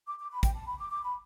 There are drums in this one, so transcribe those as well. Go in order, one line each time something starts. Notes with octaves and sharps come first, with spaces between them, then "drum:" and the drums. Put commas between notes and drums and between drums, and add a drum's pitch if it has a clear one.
D6
D6
B5
G5, drum: kick, hi-hat
A5
B5
D6
D6
B5